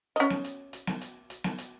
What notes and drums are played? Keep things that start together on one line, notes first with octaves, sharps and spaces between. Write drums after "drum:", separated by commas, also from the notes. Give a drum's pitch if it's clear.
C#4 D#5, drum: hi-hat
drum: snare B3
drum: hi-hat
drum: hi-hat
drum: snare B3
drum: hi-hat
drum: hi-hat
drum: snare B3
drum: hi-hat